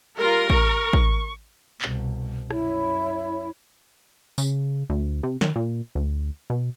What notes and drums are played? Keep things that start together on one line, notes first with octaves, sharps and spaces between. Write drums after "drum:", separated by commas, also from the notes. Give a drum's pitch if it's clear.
G3 F4 A#4
C#6, drum: kick
drum: kick
C2 B2, drum: clap
F#2 E4 C#5, drum: rim click
C#3, drum: tambourine
D2
C3
D#3, drum: snare
A#2
D2
B2